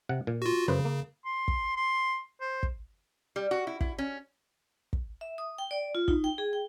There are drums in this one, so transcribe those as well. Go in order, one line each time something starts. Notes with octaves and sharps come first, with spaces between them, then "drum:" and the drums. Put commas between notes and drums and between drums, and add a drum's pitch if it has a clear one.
C3 F#5
A#2
F4 F#4
F#2 C#3 B4 C5
A#3
C6
drum: kick
C6
C5
drum: kick
G3
F#4
E4
E4, drum: kick
C#4
drum: kick
E5
D#6
G5
D5
F4
D#4, drum: kick
G5
G#4
G5